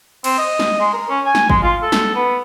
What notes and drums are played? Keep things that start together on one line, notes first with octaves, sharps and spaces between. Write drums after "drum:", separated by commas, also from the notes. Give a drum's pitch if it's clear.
C4, drum: cymbal
D#5
drum: snare
G#3
A#4
C#4
G#5
drum: snare
G#3, drum: kick
F4
A4
drum: snare
B3